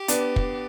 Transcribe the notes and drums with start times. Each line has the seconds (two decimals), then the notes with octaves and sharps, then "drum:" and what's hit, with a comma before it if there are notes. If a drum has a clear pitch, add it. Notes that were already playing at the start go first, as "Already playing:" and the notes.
Already playing: G4
0.08 B3 D4, drum: hi-hat
0.36 drum: kick